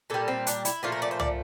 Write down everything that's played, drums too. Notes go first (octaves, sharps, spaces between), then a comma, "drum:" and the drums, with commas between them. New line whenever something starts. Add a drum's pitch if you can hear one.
A#2 G3 A4
C4
D4, drum: hi-hat
E4, drum: hi-hat
A#2 F3 A3 F4
A#4
D5
C5
D5, drum: tom C2